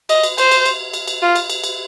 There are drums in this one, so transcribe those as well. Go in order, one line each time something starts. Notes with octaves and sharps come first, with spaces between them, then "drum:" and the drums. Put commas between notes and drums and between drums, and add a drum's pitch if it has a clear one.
D#5, drum: cymbal
drum: cymbal
C5, drum: cymbal
drum: cymbal
drum: cymbal
drum: cymbal
drum: cymbal
F4
drum: cymbal
drum: cymbal
drum: cymbal